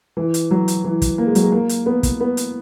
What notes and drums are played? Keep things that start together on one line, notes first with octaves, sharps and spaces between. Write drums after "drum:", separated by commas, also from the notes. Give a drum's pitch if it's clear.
E3
drum: hi-hat
F#3
drum: hi-hat
E3
drum: kick, hi-hat
A#3
G#3
F#3, drum: hi-hat
G#3
A#3
drum: hi-hat
B3
drum: kick, hi-hat
B3
drum: hi-hat